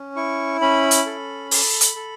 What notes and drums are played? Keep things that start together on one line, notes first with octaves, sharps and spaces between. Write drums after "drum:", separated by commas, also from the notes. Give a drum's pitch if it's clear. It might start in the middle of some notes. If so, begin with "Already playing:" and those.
Already playing: C#4
E4 C#6
C#4 B5
drum: hi-hat
A4
A4, drum: open hi-hat
drum: hi-hat
A4